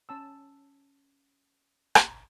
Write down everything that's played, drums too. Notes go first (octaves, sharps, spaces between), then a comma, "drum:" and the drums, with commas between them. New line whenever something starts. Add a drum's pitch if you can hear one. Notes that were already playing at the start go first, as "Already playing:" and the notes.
C#4 A5 E6
drum: rim click